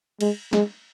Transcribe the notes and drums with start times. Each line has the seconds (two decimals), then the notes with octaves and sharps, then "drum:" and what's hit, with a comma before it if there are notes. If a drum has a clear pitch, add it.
0.21 G#3, drum: cymbal
0.53 G#3, drum: snare